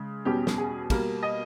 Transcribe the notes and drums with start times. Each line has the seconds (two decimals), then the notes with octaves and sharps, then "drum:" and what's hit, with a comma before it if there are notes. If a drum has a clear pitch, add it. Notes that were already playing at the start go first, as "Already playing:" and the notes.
Already playing: C#3 G#3
0.25 E2 B2 G3 C#4 G4
0.47 drum: snare
0.58 G#4
0.90 B2 G3 A#3 A#4, drum: kick, cymbal
1.23 D#5